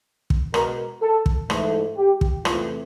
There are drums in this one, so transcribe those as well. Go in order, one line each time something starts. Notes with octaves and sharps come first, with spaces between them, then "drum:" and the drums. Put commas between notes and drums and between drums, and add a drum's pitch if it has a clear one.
drum: kick
B2 G#3 B3 A#4, drum: rim click
A4
drum: kick
G#2 E3 A3, drum: rim click
G4
drum: kick
E2 C3 E3 A3 C4 F4, drum: rim click